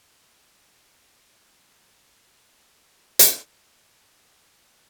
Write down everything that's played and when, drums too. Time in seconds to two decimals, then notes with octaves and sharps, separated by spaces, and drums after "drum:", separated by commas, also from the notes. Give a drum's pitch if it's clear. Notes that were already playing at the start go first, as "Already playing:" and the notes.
0.15 G#5
0.61 F5
1.07 G#5
1.53 G#5
1.58 F5
1.99 D#5
2.45 F5
3.19 drum: hi-hat
4.28 G#5
4.74 F5